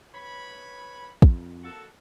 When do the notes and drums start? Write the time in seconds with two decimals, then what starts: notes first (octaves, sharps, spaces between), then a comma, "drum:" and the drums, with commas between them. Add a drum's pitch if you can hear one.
0.13 B4 C#5 B5
1.22 F2, drum: kick
1.63 A#3 F#4 A4